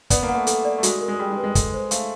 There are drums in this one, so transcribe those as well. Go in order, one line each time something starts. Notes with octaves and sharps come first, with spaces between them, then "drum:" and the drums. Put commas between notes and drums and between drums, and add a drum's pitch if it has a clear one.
B3 D5, drum: kick, hi-hat
A#3
F#5
A3
A4, drum: hi-hat
D5
A3
G#3 F#4, drum: hi-hat
A#4
G#3
G3 G#4
G#3
B4
G#3
A4, drum: kick, hi-hat
C5
A3 F5, drum: hi-hat